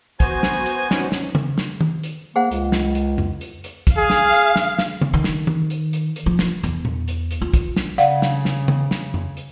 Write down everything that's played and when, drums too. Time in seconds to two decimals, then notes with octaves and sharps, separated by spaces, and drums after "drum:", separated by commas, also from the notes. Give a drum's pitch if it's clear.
0.20 B3 F#4 C5 G#5, drum: kick, hi-hat
0.43 drum: snare
0.66 drum: hi-hat
0.91 C#4 D#4, drum: snare
1.12 drum: snare
1.35 drum: tom C#3
1.58 drum: snare
1.81 drum: tom
2.04 drum: hi-hat
2.36 A#3 G#4 C5 F#5
2.51 C#2, drum: hi-hat
2.72 drum: snare
2.95 drum: hi-hat
3.18 drum: tom F2
3.41 drum: hi-hat
3.64 drum: hi-hat
3.87 drum: kick, hi-hat
3.97 G#4 F5
4.10 drum: snare
4.33 drum: hi-hat
4.56 drum: snare
4.79 drum: snare
5.01 drum: tom C#3
5.14 D#3
5.24 drum: snare
5.47 drum: tom
5.70 drum: hi-hat
5.93 drum: hi-hat
6.16 drum: hi-hat
6.26 F3
6.39 drum: snare
6.63 E2, drum: hi-hat
6.85 drum: tom A#2
7.08 drum: hi-hat
7.31 drum: hi-hat
7.41 F4
7.54 drum: kick, hi-hat
7.76 drum: snare
7.98 C#3 D5 F5 F#5, drum: hi-hat
8.22 drum: snare
8.45 drum: snare
8.68 drum: tom C#3
8.91 drum: snare
9.14 drum: tom F2
9.37 drum: hi-hat